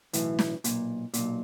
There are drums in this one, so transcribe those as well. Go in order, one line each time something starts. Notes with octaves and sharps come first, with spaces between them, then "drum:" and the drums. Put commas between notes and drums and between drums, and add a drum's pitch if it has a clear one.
B1 A2 E3, drum: hi-hat
drum: snare
B1 A#2, drum: hi-hat
B1 A#2, drum: hi-hat